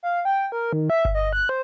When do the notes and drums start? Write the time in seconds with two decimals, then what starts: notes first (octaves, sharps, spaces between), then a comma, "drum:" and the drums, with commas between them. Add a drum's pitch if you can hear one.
0.03 F5
0.25 G5
0.52 A#4
0.73 D#3
0.90 E5
1.05 drum: kick G1
1.15 D#5
1.33 F#6
1.49 C5